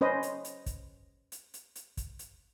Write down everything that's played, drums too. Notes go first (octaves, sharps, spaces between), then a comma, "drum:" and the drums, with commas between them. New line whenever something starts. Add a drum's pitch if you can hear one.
C#4 B4 C5 D#5
drum: hi-hat
drum: hi-hat
drum: kick, hi-hat
drum: hi-hat
drum: hi-hat
drum: hi-hat
drum: kick, hi-hat
drum: hi-hat